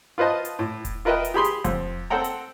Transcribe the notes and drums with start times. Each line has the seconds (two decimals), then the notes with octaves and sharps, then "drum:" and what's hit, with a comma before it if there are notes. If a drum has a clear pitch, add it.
0.18 F4 B4 C5 D#5 A5
0.45 drum: hi-hat
0.59 A2
0.85 drum: kick E1, hi-hat
1.05 F4 A#4 B4 D#5 E5 G5
1.25 drum: hi-hat
1.34 G4 G#4 B5 C6
1.45 drum: hi-hat
1.64 F2, drum: kick E1, hi-hat
2.10 C4 A4 C5 F#5 G5 A#5
2.24 drum: hi-hat